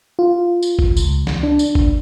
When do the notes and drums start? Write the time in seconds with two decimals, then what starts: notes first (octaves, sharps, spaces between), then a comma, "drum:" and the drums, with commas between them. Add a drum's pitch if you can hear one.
0.19 F4
0.63 drum: tambourine
0.79 drum: kick G#1
0.97 C#2, drum: tambourine
1.27 drum: snare
1.43 D4
1.59 drum: tambourine
1.75 drum: kick G#1